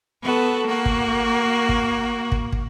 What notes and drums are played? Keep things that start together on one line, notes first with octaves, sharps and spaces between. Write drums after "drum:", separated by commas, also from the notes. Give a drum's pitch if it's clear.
B3 F#4 A4
A#3 F#4
drum: kick
drum: kick
drum: kick
drum: kick